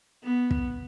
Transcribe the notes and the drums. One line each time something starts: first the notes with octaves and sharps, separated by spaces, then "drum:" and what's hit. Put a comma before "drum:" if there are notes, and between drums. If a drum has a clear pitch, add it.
B3
drum: kick